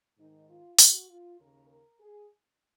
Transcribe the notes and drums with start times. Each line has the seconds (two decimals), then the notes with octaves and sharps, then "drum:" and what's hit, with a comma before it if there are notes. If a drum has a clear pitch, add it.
0.18 G#2 D#3 D#4
0.48 F4
0.79 F#4, drum: open hi-hat
1.09 F4
1.39 D#2 C#3 A#4
1.70 A#4
2.00 G#4